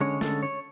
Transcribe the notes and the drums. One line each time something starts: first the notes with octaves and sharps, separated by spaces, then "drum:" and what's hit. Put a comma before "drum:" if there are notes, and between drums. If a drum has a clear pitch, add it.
D3 G#3 C#4 C#5
A4, drum: snare
C#5